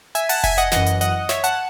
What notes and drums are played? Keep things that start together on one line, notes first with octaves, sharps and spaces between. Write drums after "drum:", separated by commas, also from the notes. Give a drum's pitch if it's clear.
E5 G#5, drum: hi-hat
F#5 A5, drum: open hi-hat
E5 G#5, drum: kick F1, hi-hat
D#5 F#5, drum: hi-hat
F#2 E3 D#5 F#5, drum: snare
drum: hi-hat
D#5 F#5, drum: hi-hat
C#5 E5, drum: snare
F#5 A5, drum: hi-hat